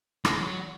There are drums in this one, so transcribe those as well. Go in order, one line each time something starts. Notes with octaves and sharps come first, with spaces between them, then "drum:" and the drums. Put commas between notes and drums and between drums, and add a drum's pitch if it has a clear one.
G#3, drum: rim click
F#3